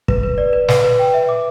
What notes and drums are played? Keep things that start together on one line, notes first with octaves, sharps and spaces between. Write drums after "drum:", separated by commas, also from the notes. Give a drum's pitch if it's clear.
B4, drum: kick
B4
D5
B4
B4, drum: snare
B4
G5
E5
D6